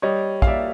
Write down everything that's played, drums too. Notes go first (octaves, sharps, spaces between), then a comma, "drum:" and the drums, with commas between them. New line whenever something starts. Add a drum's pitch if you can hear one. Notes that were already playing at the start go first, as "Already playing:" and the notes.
G3 C#5 D#5
F5, drum: kick A#1
A#3 D5 E5